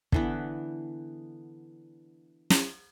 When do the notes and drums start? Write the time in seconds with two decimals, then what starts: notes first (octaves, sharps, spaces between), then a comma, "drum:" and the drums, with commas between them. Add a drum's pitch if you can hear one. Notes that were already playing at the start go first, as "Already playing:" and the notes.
0.12 D3 E3 B3, drum: kick
2.50 drum: snare